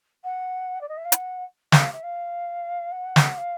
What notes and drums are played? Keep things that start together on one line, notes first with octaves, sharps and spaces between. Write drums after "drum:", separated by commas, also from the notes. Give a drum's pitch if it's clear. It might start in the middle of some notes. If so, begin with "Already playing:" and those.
F#5
D5
D#5
E5
F5
F#5, drum: hi-hat
F5, drum: snare
E5
F5
F#5
drum: snare
F5